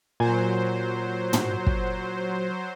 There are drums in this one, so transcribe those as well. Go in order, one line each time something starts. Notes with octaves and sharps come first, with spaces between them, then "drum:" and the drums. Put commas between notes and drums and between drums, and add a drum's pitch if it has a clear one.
A#2 F#3 C5 G#5
drum: tom
drum: kick